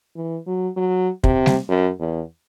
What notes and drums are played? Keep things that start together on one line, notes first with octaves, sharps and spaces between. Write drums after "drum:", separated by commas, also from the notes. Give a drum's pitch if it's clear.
E3
F#3
F#3
C3, drum: kick
drum: snare G3
F#2
E2